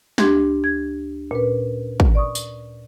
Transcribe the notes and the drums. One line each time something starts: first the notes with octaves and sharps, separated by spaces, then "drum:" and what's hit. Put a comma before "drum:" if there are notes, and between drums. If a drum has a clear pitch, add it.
D2 D4 G4 C6 G#6, drum: snare
G#6
A#2 C#4 B4
drum: kick
D5 C#6 D#6
drum: tambourine